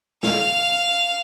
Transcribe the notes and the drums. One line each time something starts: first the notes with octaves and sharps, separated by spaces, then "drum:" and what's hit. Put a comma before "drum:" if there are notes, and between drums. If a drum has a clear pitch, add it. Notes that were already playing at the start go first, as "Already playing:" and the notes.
F5 F6, drum: snare